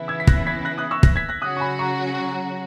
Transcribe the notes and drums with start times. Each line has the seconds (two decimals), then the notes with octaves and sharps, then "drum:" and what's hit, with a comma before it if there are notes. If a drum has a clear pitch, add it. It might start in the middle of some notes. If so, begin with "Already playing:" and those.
Already playing: C#3 E3 B3 E4
0.08 E6 G#6
0.20 B6
0.27 F#6 A#6, drum: kick
0.47 G#6 B6
0.65 F#6 A#6
0.78 D#6 F#6
0.91 C#6 E6
1.03 F#6 A#6, drum: kick
1.16 G#6 B6
1.29 F#6 A#6
1.42 C#3 F#3 C#4 F#4 D#6 F#6
1.57 C#6
1.60 G#5 B5
1.79 A#5 C#6